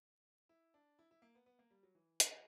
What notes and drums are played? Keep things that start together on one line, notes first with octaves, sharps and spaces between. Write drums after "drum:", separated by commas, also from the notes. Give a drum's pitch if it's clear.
E4
D4
E4
E4
A#3
B3
B3
A#3
G3
F#3
E3
F#3, drum: hi-hat